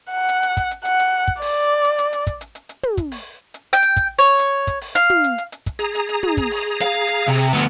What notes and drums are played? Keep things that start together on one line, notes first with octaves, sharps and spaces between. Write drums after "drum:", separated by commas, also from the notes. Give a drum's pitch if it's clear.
F#5
drum: hi-hat
drum: hi-hat
drum: kick, hi-hat
drum: hi-hat
F#5, drum: hi-hat
drum: hi-hat
drum: kick
D5, drum: open hi-hat
drum: hi-hat
drum: hi-hat
drum: hi-hat
drum: kick, hi-hat
drum: hi-hat
drum: hi-hat
drum: hi-hat
drum: tom
drum: kick, hi-hat
drum: open hi-hat
drum: hi-hat
G5
drum: hi-hat
drum: kick, hi-hat
C#5
drum: hi-hat
drum: kick, hi-hat
drum: open hi-hat
F5
drum: tom
drum: hi-hat
drum: hi-hat
drum: hi-hat
drum: kick, hi-hat
G#4 A#5, drum: hi-hat
drum: hi-hat
drum: hi-hat
drum: tom
drum: kick, hi-hat
drum: open hi-hat
F5
drum: hi-hat
drum: hi-hat
C3
D2 B3, drum: hi-hat